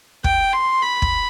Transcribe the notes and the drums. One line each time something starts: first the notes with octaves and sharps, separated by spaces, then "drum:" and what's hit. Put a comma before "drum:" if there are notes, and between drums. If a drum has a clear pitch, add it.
G5, drum: kick
C6
B5
drum: kick